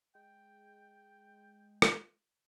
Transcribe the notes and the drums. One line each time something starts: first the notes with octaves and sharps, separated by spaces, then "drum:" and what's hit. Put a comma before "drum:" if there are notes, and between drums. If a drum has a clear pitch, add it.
G#3 G5
drum: rim click